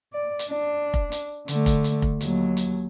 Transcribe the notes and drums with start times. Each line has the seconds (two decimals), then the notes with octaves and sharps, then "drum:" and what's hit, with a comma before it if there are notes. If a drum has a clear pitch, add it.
0.13 D5
0.39 drum: hi-hat
0.50 D4
0.94 drum: kick F1
1.12 drum: hi-hat
1.48 D3 A3, drum: hi-hat
1.66 drum: kick F1, hi-hat
1.84 drum: hi-hat
2.02 drum: kick F1
2.21 D#2 F#3, drum: hi-hat
2.57 drum: hi-hat